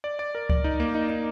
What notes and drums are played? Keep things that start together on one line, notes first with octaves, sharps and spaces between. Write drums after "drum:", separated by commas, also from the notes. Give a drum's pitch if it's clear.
D5
D5
A#4
D5, drum: kick C#2
D#4
A#3
D#4
D#4